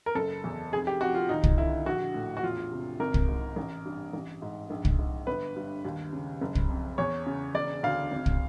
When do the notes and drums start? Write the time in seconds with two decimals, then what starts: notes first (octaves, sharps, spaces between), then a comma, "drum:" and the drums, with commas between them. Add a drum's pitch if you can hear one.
0.06 A#4
0.15 F#1 A4
0.44 E2
0.72 F1 G#4
0.87 G4
1.01 F2 F#4
1.15 F4
1.29 D#2 D#4
1.44 drum: kick
1.58 D3 E4
1.86 A#1 F#4
2.14 A2
2.37 F#4
2.43 E2 F4
2.72 C3
3.00 G#1 A#4
3.14 drum: kick
3.28 G#2
3.56 A1
3.85 G2
4.13 A1
4.42 G#2
4.70 A#1
4.85 drum: kick
4.99 G#2
5.27 G1 B4
5.56 G2
5.85 D#2
6.13 C#3
6.41 F#1
6.55 drum: kick
6.69 F2
6.98 E2 C#5
7.26 C#3
7.54 E1 D5
7.83 D2 F5
8.12 G#1
8.26 drum: kick